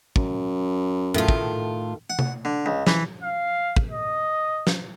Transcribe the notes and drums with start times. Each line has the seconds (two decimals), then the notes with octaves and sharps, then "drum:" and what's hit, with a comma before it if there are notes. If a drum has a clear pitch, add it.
0.16 F#2, drum: kick
1.14 A2 D#3 A3 F4 G#4
1.28 drum: kick
2.10 F#5
2.19 drum: tom C3
2.45 D3
2.66 C#2
2.87 E3, drum: snare
3.23 F5
3.76 drum: kick
3.90 D#5
4.67 drum: snare